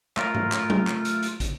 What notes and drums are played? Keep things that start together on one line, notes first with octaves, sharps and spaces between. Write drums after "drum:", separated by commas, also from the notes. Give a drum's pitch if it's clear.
A3 F4 A#4, drum: clap
drum: tom G#2
drum: clap
drum: tom F#3
drum: clap
drum: hi-hat
drum: hi-hat
drum: kick, hi-hat